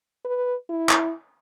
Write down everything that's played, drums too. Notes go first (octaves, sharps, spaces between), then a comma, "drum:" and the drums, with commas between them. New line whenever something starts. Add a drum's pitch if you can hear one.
B4
E4
drum: clap